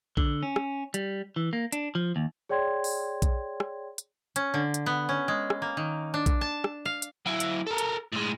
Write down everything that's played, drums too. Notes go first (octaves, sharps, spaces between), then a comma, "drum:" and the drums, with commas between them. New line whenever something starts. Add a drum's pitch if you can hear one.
D3, drum: kick A#1
C#4
drum: rim click
G3, drum: hi-hat
E3
A#3
D4, drum: hi-hat
F3
D#2
G#4 C#5 D5 G5 C6 G#6
drum: open hi-hat
drum: kick A#1, hi-hat
drum: rim click
drum: hi-hat
C#4, drum: hi-hat
D3
drum: hi-hat
B3
C#4
G#3
drum: rim click
A#3
D#3
D4
drum: kick A#1, hi-hat
A5
drum: rim click
F5
drum: hi-hat
F#3 E4
drum: hi-hat
A4 A#4
drum: hi-hat
A2 G#3